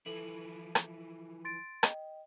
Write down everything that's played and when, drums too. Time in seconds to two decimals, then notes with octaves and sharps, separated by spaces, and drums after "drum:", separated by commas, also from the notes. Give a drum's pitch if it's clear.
0.06 E3 F3 E4 A4 F#7
0.75 drum: rim click
1.45 C6 A6 D7
1.83 D#5 G5, drum: rim click